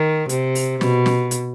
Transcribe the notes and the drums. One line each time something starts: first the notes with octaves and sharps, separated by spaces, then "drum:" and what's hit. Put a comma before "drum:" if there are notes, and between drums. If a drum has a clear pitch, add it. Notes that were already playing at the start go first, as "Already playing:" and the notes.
Already playing: D#3
C3, drum: hi-hat
drum: open hi-hat
B2, drum: snare
drum: snare
drum: hi-hat